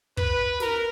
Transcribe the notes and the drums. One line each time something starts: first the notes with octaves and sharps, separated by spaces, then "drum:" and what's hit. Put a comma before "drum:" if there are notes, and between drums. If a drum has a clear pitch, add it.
B4, drum: kick
A#4, drum: snare